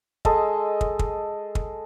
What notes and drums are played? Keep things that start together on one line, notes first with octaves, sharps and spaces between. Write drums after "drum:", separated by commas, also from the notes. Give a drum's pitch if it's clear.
G#3 A4 D#5, drum: kick
drum: kick
drum: kick
drum: kick